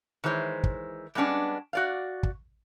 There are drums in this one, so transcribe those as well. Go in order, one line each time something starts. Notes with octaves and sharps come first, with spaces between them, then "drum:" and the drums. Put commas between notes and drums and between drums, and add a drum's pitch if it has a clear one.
D#3 E3 G#3 C5 C#5
drum: kick
G3 G#3 B3 C#4 D4
F#4 D5 F5
drum: kick